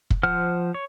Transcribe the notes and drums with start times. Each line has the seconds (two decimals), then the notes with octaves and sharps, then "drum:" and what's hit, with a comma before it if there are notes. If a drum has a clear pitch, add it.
0.10 drum: kick
0.23 F3 C5 F#5 F6
0.74 C#5